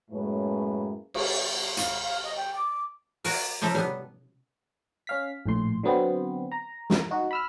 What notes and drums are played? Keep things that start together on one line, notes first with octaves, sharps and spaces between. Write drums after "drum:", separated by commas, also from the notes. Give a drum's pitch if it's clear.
F#2 A2 G#3 A#3 C#4 B4
drum: cymbal
F5, drum: hi-hat
F5
D#5
G5
D6
F#4 A#4, drum: open hi-hat
C#3 F3 A4 E5 A#5
G3 B3, drum: tom
C#4 F5 B6
A#1 A2 C6
D3 F#3 B3 C4
A#5
drum: snare
D#4 F#4
B5 E6 F6